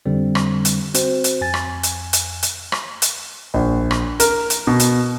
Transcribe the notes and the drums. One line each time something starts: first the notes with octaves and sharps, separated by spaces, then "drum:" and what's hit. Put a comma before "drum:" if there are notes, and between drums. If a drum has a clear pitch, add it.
F2 D3 G3 C4
drum: rim click
drum: hi-hat
C4 F#4 C5, drum: hi-hat
drum: hi-hat
F2 G#5 A6
drum: rim click
drum: hi-hat
drum: hi-hat
drum: hi-hat
drum: rim click
drum: hi-hat
A#1
drum: rim click
A#4, drum: hi-hat
drum: hi-hat
B2
drum: hi-hat